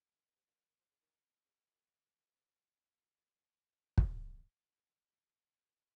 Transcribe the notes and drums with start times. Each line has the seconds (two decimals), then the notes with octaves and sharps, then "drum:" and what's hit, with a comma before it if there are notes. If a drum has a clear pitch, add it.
0.15 D#3
0.25 D#3
0.36 C3
0.47 A#2
0.58 A#2
0.69 D#3
0.79 F3
0.90 C#3
1.01 D#3
1.44 C#3
1.66 F#2
2.20 F#2
2.31 G#2
3.17 A#2
3.98 drum: kick